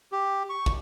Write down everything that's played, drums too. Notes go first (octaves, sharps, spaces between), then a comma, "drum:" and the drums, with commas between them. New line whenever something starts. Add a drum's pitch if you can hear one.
G4
C#6
drum: kick